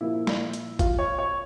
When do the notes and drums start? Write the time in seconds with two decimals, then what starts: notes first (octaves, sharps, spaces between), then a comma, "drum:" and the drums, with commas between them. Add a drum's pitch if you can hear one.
0.01 A#2 F3 A#3 E4
0.27 drum: snare
0.53 drum: hi-hat
0.79 F4, drum: kick, hi-hat
0.99 C#5
1.18 C#5